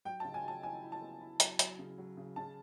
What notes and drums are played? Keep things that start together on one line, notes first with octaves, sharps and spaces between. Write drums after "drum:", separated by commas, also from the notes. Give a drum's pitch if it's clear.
F#3 G5
C#3 A5
G#5
F#3 A5
E4 G#5
E4
A5
B3
E4
F#3, drum: hi-hat
F#3, drum: hi-hat
C#3
F#3
C#3
C#3 A5